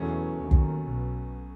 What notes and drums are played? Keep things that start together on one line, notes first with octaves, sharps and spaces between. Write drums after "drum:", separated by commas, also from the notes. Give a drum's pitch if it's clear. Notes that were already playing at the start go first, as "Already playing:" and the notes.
Already playing: E2 B2 E3 F#3 A3 C#4
D#2 D#3
drum: kick
B1 B2